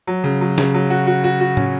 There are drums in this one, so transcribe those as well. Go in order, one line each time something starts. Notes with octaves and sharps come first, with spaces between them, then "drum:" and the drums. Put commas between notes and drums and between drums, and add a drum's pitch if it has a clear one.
F#3
C#3
F#3
C#3, drum: snare
F#3
F#4
F#4
F#4
F#4
C#4, drum: tom